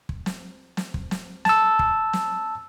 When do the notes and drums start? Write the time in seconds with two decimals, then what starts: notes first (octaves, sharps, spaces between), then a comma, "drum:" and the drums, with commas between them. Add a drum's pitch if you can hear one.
0.09 drum: kick
0.26 drum: snare
0.77 drum: snare
0.94 drum: kick
1.11 drum: snare
1.45 A5 E6, drum: snare
1.79 drum: kick
2.13 drum: snare